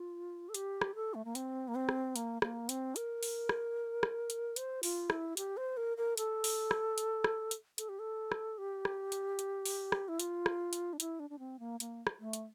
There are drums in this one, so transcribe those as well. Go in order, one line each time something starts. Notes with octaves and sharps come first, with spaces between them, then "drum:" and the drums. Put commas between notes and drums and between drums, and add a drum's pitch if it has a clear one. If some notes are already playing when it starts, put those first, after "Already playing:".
Already playing: F4
A4
G4, drum: hi-hat
drum: rim click
A4
A3
A#3
C4, drum: hi-hat
A#3
C4
drum: rim click
A#3, drum: hi-hat
A#3, drum: rim click
C4, drum: hi-hat
A#4, drum: hi-hat
drum: open hi-hat
drum: rim click
drum: rim click
drum: hi-hat
C5, drum: hi-hat
F4, drum: open hi-hat
E4, drum: rim click
G4, drum: hi-hat
C5
A#4
A#4
A4, drum: hi-hat
drum: open hi-hat
drum: rim click
drum: hi-hat
drum: rim click
drum: hi-hat
A4, drum: hi-hat
G4
A4
drum: rim click
G4
drum: rim click
drum: hi-hat
drum: hi-hat
drum: open hi-hat
drum: rim click
E4
F4, drum: hi-hat
drum: rim click
drum: hi-hat
D4
E4, drum: hi-hat
D4
D4
C4
A#3
A#3, drum: hi-hat
drum: rim click
A3
drum: hi-hat